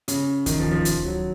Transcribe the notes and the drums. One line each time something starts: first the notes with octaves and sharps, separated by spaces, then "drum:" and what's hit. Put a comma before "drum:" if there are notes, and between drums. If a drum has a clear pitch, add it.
C#3, drum: hi-hat
D#3, drum: kick D2, hi-hat
F3
F3
drum: kick D2, hi-hat
F#3